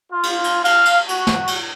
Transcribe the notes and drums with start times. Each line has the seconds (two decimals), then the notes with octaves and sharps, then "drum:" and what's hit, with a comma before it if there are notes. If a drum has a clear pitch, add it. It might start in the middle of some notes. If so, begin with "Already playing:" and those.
0.11 F4
0.23 drum: cymbal
0.44 drum: cymbal
0.65 F5, drum: cymbal
0.85 drum: cymbal
1.09 F#4, drum: cymbal
1.27 drum: snare
1.47 drum: cymbal